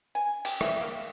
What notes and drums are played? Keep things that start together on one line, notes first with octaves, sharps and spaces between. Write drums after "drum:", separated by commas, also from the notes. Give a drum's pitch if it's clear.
G#5
G4, drum: cymbal
E5, drum: rim click
A#3